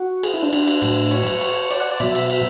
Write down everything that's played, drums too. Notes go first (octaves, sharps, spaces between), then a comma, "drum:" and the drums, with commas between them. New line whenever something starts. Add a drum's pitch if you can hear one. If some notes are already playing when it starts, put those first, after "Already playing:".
Already playing: F#4
G#4, drum: cymbal
E4
D4
D4, drum: cymbal
drum: cymbal
A2 F#3, drum: cymbal
C#5, drum: cymbal
drum: cymbal
drum: cymbal
D5, drum: cymbal
F#5
D5
B2 F#3 E5, drum: cymbal
drum: cymbal
drum: cymbal